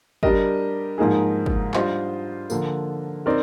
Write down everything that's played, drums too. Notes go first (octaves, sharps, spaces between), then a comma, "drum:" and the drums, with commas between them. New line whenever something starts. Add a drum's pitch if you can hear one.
G3 D4 G4 A#4 D#5, drum: kick
G#2 F3 A#3 D#4 G#4
drum: kick
G3 D4 F4 C5 D#5, drum: clap
D3 F3 A#3, drum: tambourine
C4 D#4 A#4 D5